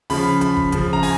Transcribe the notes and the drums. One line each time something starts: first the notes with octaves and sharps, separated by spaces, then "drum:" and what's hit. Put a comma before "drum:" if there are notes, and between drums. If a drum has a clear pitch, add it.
C#3 F3 B5, drum: open hi-hat
B5, drum: hi-hat
drum: kick
C#3 F3, drum: kick, hi-hat
A#5
G#5, drum: open hi-hat